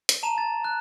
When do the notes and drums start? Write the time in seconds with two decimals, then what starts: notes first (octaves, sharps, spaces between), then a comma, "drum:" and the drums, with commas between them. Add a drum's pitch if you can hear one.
0.09 drum: hi-hat
0.23 A5 A#5 E7 F7
0.38 A6
0.64 F#6